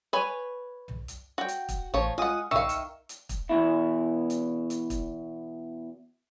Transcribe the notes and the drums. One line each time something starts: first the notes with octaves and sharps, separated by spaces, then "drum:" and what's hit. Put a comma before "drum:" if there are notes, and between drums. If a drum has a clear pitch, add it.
B4 C#5 G#5
drum: tom
drum: hi-hat
F#4 G5
drum: hi-hat
drum: kick, hi-hat
A1 F3 C#5
G#3 F4 F#5 D#6
D#3 E5 F5 C#6 E6, drum: tom
drum: hi-hat
drum: hi-hat
drum: kick, hi-hat
E2 G#2 B2 E4
drum: hi-hat
drum: hi-hat
drum: kick, hi-hat